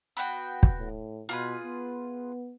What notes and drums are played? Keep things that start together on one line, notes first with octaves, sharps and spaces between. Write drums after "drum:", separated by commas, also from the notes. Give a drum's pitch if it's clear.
B3 F#4 G5
drum: kick
A2
B2 F4 G#4 B4
B3